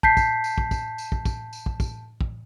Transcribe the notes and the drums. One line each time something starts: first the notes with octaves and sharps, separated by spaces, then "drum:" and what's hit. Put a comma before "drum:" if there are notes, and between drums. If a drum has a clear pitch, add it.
A5 G6 B6 C7, drum: kick
drum: kick, tambourine
drum: tambourine
drum: kick
drum: kick, tambourine
drum: tambourine
drum: kick
drum: kick, tambourine
drum: tambourine
drum: kick
drum: kick, tambourine
drum: kick